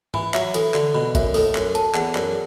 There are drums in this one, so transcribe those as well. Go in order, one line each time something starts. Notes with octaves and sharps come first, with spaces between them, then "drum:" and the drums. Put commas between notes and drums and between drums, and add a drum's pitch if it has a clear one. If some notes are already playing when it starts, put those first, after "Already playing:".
E3 B5, drum: tom G#2
F#3 E5, drum: clap
E3 A4, drum: hi-hat
D3 F#4, drum: clap
B2 B5
F#2 E5, drum: kick G#1, hi-hat
A2 A4, drum: open hi-hat
F#2 F#4, drum: clap
A5, drum: hi-hat
E2 F#5, drum: clap
F#2 D5, drum: clap